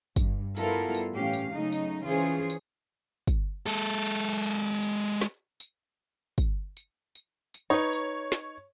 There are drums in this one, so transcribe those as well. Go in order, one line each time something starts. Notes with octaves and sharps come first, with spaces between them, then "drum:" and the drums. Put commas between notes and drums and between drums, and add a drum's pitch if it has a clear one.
G2, drum: kick, tambourine
G3 B3 E4 F4 A4 A#4, drum: tambourine
drum: tambourine
A2 E3 C#4 G4 F5
drum: tambourine
C#3 F#3 A3 D#4
drum: tambourine
E3 C#4 F4 G#4 C5
drum: tambourine
drum: kick, tambourine
G#3 A4, drum: tambourine
drum: tambourine
drum: tambourine
drum: tambourine
drum: snare
drum: tambourine
drum: kick, tambourine
drum: tambourine
drum: tambourine
drum: tambourine
D#4 B4 C#5
drum: tambourine
drum: snare